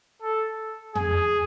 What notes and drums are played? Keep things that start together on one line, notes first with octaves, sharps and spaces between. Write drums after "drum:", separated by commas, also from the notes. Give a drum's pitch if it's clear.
A4
G#4, drum: tom